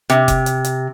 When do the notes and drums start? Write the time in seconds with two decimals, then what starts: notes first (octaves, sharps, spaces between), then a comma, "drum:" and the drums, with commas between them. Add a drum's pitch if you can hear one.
0.10 C3, drum: rim click
0.28 drum: kick F1, hi-hat
0.46 drum: hi-hat
0.64 drum: hi-hat